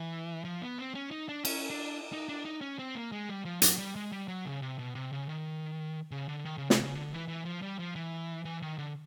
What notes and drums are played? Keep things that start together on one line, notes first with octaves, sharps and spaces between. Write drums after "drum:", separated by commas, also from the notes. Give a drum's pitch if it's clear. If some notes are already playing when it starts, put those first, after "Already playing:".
Already playing: E3
F3
B3
C4
C#4
D#4
D4
C#4, drum: cymbal
D4
D#4
D4
D#4
C#4
C4
A#3
G#3
G3
F3
F#3, drum: hi-hat
G3
G#3
G3
F#3
C#3
C3
B2
C3
C#3
D#3
C#3
D3
D#3
C#3
C3, drum: snare
C#3
D3
E3
E3
F3
G3
F3
E3
E3
D#3
D3